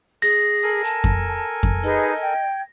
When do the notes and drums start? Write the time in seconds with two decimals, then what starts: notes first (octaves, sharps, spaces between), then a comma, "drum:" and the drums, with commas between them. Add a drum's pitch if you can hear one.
0.22 G#4 A#6
0.63 A4 A#4 G#5
0.84 A5
1.04 drum: kick F2
1.63 drum: kick F2
1.83 D#4 G#4 B4 D#5
2.20 G5 G#6